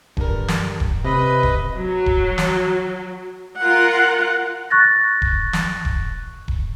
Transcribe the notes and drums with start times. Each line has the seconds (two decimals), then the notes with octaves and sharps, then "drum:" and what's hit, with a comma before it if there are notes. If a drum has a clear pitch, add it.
0.17 G2 D3 A#4, drum: kick D#1
0.48 drum: snare
0.80 drum: kick D#1
1.05 C3 B4 D#5
1.43 drum: kick D#1
1.77 F#3
2.06 drum: kick D#1
2.38 drum: snare
3.59 F4 A#4 F#5
4.70 C#6 F#6 A6 A#6
5.22 drum: kick D#1
5.53 drum: snare
5.85 drum: kick D#1
6.48 drum: kick D#1